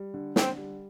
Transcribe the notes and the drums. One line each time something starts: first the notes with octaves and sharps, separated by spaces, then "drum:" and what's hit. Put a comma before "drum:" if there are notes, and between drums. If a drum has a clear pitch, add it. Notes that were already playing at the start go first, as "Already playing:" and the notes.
Already playing: G3
D3
D3 C4, drum: snare
G3